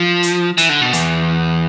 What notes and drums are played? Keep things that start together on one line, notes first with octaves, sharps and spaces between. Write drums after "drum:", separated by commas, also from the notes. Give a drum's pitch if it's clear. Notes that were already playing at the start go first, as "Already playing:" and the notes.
Already playing: F3
drum: hi-hat
E3, drum: hi-hat
D3
B2
E2, drum: hi-hat